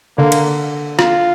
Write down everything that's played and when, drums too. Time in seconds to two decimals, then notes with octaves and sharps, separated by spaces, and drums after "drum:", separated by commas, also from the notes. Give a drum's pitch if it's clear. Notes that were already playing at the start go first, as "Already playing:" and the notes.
0.18 D3 A#3
0.32 drum: cymbal
0.99 F4, drum: rim click